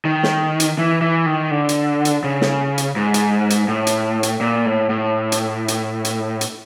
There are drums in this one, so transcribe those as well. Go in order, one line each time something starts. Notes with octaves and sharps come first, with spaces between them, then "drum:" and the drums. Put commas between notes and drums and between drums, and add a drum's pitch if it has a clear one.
D#3
drum: snare
drum: hi-hat
E3
E3
D#3
D3
drum: hi-hat
drum: hi-hat
C#3
drum: snare
drum: hi-hat
G#2
drum: hi-hat
drum: hi-hat
A2
drum: hi-hat
drum: hi-hat
A#2
A2
A2
drum: hi-hat
drum: hi-hat
drum: hi-hat
drum: hi-hat